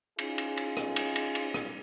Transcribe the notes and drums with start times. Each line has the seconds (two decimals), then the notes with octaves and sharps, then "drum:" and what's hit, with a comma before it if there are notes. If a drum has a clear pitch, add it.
0.19 C#4 D#4 F4 G#4, drum: cymbal
0.38 drum: cymbal
0.57 drum: cymbal
0.77 drum: rim click
0.96 drum: cymbal
1.16 drum: cymbal
1.35 drum: cymbal
1.54 drum: rim click